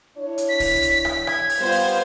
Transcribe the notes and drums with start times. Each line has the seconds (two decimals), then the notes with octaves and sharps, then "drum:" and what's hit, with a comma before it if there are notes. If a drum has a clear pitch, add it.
0.18 D4 E4 C#5
0.38 drum: hi-hat
0.49 B6
0.60 drum: kick C2, open hi-hat
0.82 drum: hi-hat
1.05 drum: rim click
1.27 G#6, drum: rim click
1.50 drum: open hi-hat
1.59 G3 B3 F4 C5
1.72 drum: open hi-hat